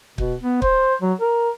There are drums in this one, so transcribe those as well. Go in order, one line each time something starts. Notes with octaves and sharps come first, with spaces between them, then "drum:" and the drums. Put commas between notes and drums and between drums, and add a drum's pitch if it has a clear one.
B2, drum: kick
B3
C5, drum: kick
F#3
A#4